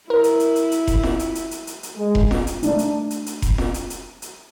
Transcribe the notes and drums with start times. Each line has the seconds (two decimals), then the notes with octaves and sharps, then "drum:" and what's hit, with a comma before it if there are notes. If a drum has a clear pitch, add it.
0.10 E4 A#4
0.24 drum: hi-hat
0.40 drum: hi-hat
0.56 drum: hi-hat
0.72 drum: hi-hat
0.87 drum: kick F1, hi-hat
1.03 drum: snare
1.19 drum: hi-hat
1.35 drum: hi-hat
1.51 drum: hi-hat
1.67 drum: hi-hat
1.83 drum: hi-hat
1.96 G#3
2.15 drum: kick F1
2.31 drum: snare
2.47 drum: hi-hat
2.63 A3 D4 D#4, drum: hi-hat
2.79 drum: hi-hat
3.10 drum: hi-hat
3.26 drum: hi-hat
3.42 drum: kick F1, hi-hat
3.58 drum: snare
3.74 drum: hi-hat
3.90 drum: hi-hat
4.22 drum: hi-hat